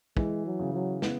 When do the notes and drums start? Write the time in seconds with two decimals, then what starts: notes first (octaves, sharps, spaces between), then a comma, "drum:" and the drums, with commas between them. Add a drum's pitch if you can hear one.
0.17 E3 G#3, drum: kick
0.46 F#3
0.60 C#3
0.74 F#3
1.02 B3, drum: snare